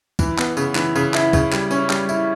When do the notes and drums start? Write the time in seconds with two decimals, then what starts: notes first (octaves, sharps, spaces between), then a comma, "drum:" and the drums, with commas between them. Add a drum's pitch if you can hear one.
0.19 E3, drum: kick, tambourine
0.39 B3, drum: clap
0.57 C#3, drum: tambourine
0.75 E3, drum: clap
0.96 C#3, drum: tambourine
1.14 E4, drum: clap
1.33 C#3, drum: kick, tambourine
1.53 G3, drum: clap
1.71 C#4, drum: tambourine
1.90 G3, drum: clap
2.09 E4, drum: tambourine